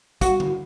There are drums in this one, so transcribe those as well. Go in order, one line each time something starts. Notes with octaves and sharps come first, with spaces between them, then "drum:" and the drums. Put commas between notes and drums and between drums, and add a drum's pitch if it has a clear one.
F#4, drum: kick, hi-hat
drum: tom D3